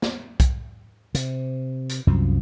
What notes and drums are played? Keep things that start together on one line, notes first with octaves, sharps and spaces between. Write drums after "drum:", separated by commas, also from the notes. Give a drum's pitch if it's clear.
drum: snare
drum: kick B1, hi-hat
C3, drum: hi-hat
drum: hi-hat
C2 F#2 F3